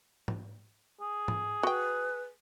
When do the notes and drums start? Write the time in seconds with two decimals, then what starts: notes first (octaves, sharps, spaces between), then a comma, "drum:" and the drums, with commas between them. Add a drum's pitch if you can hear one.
0.28 drum: tom G#2
1.01 G#4
1.28 drum: tom G#2
1.63 F#4 B4 G5